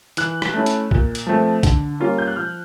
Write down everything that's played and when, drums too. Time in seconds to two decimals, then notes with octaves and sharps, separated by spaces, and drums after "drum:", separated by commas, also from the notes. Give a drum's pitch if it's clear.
0.17 E3 F#6, drum: hi-hat
0.42 drum: rim click
0.54 A3 C#4 E4
0.66 drum: hi-hat
0.91 A#2, drum: kick B1
1.15 drum: hi-hat
1.27 F3 A3 C4
1.63 D3, drum: kick B1, hi-hat
2.00 G3 A#3 C#4 F4
2.18 G6
2.27 F#6
2.36 F3 F6